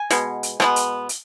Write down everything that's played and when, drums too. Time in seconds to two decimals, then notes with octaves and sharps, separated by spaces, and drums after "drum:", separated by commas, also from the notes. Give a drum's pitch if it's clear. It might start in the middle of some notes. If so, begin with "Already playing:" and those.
Already playing: G#5
0.10 B2 G#3 B3, drum: hi-hat
0.43 drum: hi-hat
0.60 B2 G#3 B3, drum: rim click
0.76 drum: hi-hat
1.09 drum: hi-hat